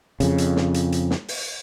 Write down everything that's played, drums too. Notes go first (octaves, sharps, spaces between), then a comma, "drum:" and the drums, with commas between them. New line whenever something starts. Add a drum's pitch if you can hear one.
F2 C#3, drum: hi-hat
drum: hi-hat
drum: snare
drum: hi-hat
drum: hi-hat
drum: snare
drum: open hi-hat